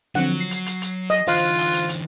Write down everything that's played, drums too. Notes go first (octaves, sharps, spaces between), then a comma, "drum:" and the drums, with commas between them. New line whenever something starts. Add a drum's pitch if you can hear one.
D3 F3 F#3 C4 F#5
C7
drum: hi-hat
drum: hi-hat
drum: hi-hat
D#5
D3 E3 F4 C5 F5 F#6
drum: open hi-hat
drum: hi-hat
drum: hi-hat